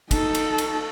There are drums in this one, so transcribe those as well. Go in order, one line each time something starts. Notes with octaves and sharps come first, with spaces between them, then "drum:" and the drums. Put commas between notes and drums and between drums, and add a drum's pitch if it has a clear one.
D#4 A4, drum: kick, cymbal
drum: cymbal
drum: cymbal